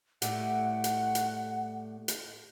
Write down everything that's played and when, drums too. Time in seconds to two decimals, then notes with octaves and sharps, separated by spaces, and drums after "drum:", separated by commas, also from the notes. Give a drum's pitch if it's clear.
0.22 A2 G3 A3 F#5, drum: hi-hat
0.84 drum: hi-hat
1.15 drum: hi-hat
2.08 drum: hi-hat